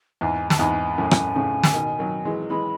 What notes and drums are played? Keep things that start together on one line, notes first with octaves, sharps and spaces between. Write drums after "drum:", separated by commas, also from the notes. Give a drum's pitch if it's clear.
E2 G#2 G#5
A5, drum: snare
E2 G#2 G#5
F#2 A2
drum: rim click
A2 C#3
drum: snare
B2 D#3
D#3 F#3
E3 G#3
E3 G#3 B5